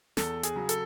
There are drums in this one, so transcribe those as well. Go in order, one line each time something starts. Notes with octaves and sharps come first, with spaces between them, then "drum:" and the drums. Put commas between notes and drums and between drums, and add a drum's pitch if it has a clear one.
E2 A4, drum: snare
G#4, drum: hi-hat
C#3 F#3
A4, drum: hi-hat